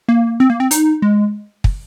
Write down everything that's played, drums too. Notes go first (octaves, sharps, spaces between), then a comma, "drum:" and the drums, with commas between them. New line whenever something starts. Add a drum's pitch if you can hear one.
A#3
C4
A#3
C4
D#4, drum: hi-hat
G#3
drum: kick